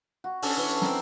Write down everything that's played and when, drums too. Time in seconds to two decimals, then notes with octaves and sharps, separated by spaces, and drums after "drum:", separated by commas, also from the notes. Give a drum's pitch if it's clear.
0.24 F#4
0.42 C#4 D4 A4, drum: open hi-hat
0.57 E3
0.82 C4 A#4, drum: snare